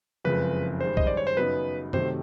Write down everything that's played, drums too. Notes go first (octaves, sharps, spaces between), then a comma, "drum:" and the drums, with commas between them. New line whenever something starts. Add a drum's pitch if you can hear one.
F#1 F2 C#3 F3 G#3 B4
G2 D#3 G#3 C5
D#5, drum: kick
D5
C#5
C5
F#2 C#3 F#3 B3 D#4 B4
C3 D#3 F#3 A3 C5, drum: tom F#2